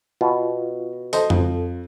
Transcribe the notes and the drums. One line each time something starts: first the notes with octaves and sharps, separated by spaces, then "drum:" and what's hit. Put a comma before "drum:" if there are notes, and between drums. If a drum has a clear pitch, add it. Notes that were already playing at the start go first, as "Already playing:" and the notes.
B2 F4
A4 C5 D#5, drum: open hi-hat
F2, drum: tom F2